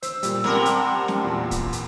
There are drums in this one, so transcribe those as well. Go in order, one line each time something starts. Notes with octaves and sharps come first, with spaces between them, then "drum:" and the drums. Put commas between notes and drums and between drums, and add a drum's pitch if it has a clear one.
C5 E6, drum: hi-hat
A#2 G3, drum: hi-hat
C3 G3 C4 A#4 F#5 A5 C6, drum: snare
drum: hi-hat
drum: snare
E2 A#2 B5
drum: kick, hi-hat
drum: hi-hat